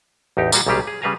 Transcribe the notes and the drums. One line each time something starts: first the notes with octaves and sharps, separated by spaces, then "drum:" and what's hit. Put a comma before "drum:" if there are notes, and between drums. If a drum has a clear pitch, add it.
A1 E2 D#4 G4
A#2 G3 F#4 G#4, drum: tambourine
B1 A#2 C#3 G3 G4 G#4
G#4
C#3 G3 B4 F5 G#5 A#5